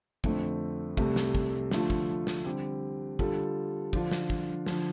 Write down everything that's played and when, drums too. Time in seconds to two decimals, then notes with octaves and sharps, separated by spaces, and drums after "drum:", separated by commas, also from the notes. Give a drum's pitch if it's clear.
0.24 F2 D3 A3 C4, drum: kick
0.97 C2 C3 A3, drum: kick
1.16 drum: snare
1.35 drum: kick
1.71 D3 F3 A3 F4, drum: snare
1.90 drum: kick
2.27 drum: snare
2.45 D3 G3 C4 G4
3.19 D3 G3 F4 A4, drum: kick
3.93 D3 F3 D4 F4, drum: kick
4.11 drum: snare
4.30 drum: kick
4.66 D3 F3, drum: snare